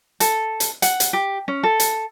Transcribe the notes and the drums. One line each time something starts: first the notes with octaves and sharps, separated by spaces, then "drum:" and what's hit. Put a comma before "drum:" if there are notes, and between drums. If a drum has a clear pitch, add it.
A4, drum: hi-hat
drum: hi-hat
F#5, drum: hi-hat
drum: hi-hat
G4
C#4
A4
drum: hi-hat